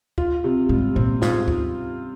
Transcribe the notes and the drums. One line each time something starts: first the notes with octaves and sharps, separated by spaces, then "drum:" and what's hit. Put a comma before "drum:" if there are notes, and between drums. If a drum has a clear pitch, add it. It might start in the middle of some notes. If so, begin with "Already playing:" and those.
F4, drum: kick
C3
G#2 G3
A#2 C4
G#2 F4, drum: snare
drum: kick